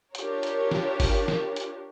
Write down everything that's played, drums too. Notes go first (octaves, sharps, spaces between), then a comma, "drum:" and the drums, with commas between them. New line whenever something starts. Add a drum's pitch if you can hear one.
D4 F4 G4 A#4 C#5, drum: hi-hat
drum: hi-hat
drum: snare
drum: kick G1, open hi-hat
drum: snare
drum: hi-hat